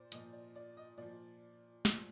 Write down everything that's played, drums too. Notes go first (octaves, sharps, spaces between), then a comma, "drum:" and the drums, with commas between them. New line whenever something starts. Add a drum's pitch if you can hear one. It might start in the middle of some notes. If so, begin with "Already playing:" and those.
Already playing: A#2 C5 D5
A#2 F3 D#5, drum: hi-hat
D5
D5
D#5
A#2 F3 D5
A#2 F3, drum: snare